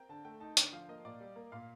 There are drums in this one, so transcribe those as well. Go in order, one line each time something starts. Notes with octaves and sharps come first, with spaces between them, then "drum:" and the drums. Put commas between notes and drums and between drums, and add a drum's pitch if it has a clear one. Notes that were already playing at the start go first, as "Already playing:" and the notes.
Already playing: C4 A#4 G5
D3 A5
A3 G5
D#4 A5
D3 G5, drum: hi-hat
F3 F5
A#3 D#5
A#2 D5
G3
A#3
A#2 F5